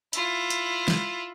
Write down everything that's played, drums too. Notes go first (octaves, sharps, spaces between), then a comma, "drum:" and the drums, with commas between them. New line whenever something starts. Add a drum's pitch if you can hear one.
E4 F4, drum: hi-hat
drum: hi-hat
drum: snare